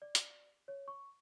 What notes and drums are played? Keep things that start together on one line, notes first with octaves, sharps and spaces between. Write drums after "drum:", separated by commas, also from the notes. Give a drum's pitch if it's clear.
D5
drum: hi-hat
C#5
C#6